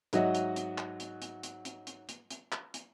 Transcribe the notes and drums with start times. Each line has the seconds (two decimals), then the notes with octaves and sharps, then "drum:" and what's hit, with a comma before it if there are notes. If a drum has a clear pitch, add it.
0.13 G#2 F#3 F#4 D#5 E5, drum: hi-hat
0.35 drum: hi-hat
0.56 drum: hi-hat
0.78 drum: clap
1.00 drum: hi-hat
1.22 drum: hi-hat
1.43 drum: hi-hat
1.65 drum: hi-hat
1.87 drum: hi-hat
2.09 drum: hi-hat
2.31 drum: hi-hat
2.52 drum: clap
2.74 drum: hi-hat